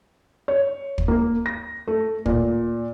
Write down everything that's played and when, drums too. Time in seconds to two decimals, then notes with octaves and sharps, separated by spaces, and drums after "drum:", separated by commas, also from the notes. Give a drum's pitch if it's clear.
0.48 C#5
0.98 drum: kick
1.08 A#3
1.46 A#6
1.88 A3
2.26 A#2, drum: kick